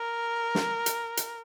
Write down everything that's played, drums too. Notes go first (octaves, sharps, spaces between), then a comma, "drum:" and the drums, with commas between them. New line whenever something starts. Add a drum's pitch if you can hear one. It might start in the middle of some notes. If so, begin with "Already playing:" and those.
Already playing: A#4
drum: snare
drum: hi-hat
drum: hi-hat